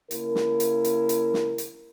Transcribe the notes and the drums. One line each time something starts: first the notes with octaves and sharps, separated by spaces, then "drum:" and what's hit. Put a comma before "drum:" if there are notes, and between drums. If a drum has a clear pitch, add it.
C#3 A#3 E4 A#4, drum: hi-hat
drum: snare
drum: hi-hat
drum: hi-hat
drum: hi-hat
drum: snare
drum: hi-hat